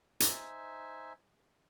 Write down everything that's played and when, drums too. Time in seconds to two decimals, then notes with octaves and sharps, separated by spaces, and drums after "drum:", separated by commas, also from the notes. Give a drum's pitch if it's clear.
0.20 D#4 C5 E5 G#5, drum: hi-hat